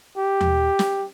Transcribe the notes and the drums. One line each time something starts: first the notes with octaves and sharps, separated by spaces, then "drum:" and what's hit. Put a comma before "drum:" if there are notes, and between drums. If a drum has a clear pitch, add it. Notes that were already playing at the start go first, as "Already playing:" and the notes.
G4
drum: tom D#2
drum: snare